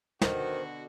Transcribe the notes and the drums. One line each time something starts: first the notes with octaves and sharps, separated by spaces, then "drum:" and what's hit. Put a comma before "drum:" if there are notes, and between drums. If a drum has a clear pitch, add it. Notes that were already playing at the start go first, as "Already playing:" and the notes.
B2 D3 D#3 F#4 C5, drum: snare